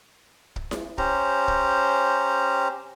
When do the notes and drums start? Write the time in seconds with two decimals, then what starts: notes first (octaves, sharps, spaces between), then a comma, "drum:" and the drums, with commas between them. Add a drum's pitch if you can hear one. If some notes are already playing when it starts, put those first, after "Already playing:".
0.56 drum: kick
0.71 drum: snare E4
0.98 C#4 G4 C5 A#5, drum: kick
1.48 drum: kick